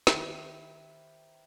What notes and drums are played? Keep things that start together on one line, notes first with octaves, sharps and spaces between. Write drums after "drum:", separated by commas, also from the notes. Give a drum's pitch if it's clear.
D#3 E4 G4 B4 C5, drum: snare